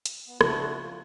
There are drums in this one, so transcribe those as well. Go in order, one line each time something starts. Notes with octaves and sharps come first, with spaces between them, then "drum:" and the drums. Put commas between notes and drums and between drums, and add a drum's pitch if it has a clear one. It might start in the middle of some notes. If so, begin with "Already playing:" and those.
drum: hi-hat
B3
C#3 F3 D4 E4 F#4, drum: rim click
A#5 F#6 A6
F4